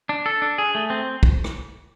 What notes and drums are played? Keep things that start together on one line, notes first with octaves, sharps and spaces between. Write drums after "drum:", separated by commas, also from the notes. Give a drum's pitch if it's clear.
D4
A4
D4
G#4
A3
C4
drum: kick
drum: rim click